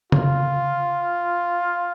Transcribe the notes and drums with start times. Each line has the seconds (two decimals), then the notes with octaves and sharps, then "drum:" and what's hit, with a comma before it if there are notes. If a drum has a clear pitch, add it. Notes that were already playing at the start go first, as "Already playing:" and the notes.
0.12 F4, drum: tom C#3